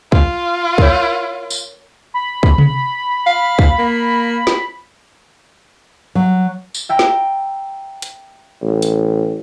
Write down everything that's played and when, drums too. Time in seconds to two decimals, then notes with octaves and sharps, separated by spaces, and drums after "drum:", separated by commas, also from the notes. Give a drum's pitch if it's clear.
0.12 F4, drum: kick
0.78 A#4 C#5, drum: kick
1.50 drum: tambourine
2.14 B5
2.43 drum: kick
2.58 drum: tom C3
3.26 F5
3.59 drum: kick
3.78 A#3
4.47 drum: snare
6.15 F#3
6.74 drum: tambourine
6.89 E5 G5 A#5
6.99 drum: snare
8.02 drum: hi-hat
8.62 A1
8.82 drum: hi-hat